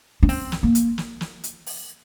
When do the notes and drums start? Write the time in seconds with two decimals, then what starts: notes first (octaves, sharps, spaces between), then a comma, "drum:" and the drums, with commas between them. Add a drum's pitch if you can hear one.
0.23 D4
0.29 C4, drum: open hi-hat
0.52 drum: snare
0.63 A#3
0.75 drum: hi-hat
0.98 drum: snare
1.21 drum: snare
1.44 drum: hi-hat
1.66 drum: open hi-hat